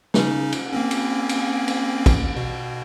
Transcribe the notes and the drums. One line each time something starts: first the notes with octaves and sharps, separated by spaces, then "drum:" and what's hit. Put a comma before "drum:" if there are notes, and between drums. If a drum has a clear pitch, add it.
C#3 C#4 D#4, drum: snare
drum: cymbal
A#3 C4 C#4
drum: cymbal
drum: cymbal
drum: cymbal
drum: kick, cymbal
B2